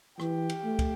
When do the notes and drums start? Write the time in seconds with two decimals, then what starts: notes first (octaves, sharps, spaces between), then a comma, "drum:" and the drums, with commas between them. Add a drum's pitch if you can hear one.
0.20 E3 G4, drum: rim click
0.50 drum: cymbal
0.64 A3
0.79 drum: kick, cymbal